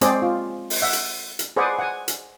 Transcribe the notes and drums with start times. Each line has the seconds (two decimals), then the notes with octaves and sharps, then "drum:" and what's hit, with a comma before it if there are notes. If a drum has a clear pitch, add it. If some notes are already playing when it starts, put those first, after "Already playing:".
0.01 G#3 C4 C#4 G#4 C5 D5, drum: hi-hat
0.22 F4
0.70 drum: open hi-hat
0.82 E5 F#5
0.93 drum: hi-hat
1.39 drum: hi-hat
1.56 G#4 B4 C5 D5 F#5 G#5
1.79 F#5 G#5
2.08 drum: hi-hat